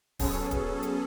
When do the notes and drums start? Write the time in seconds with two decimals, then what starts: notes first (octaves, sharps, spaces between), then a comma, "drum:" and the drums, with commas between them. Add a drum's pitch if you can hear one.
0.19 F#3 B3 C#4 G#4 A4, drum: kick D1, open hi-hat
0.51 drum: kick D1, hi-hat
0.83 drum: hi-hat